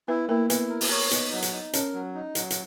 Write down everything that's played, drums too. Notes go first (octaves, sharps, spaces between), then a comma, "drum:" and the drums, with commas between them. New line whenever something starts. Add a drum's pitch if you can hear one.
B3 E4 B4
A#3 E4 A#4
B3 E4 B4, drum: hi-hat
A#4
drum: open hi-hat
C#5
B3 D#4 B4, drum: hi-hat
F#3
drum: hi-hat
D#4
C#4 A#4 C#5, drum: hi-hat
F#3
D#4
F#3, drum: hi-hat
drum: hi-hat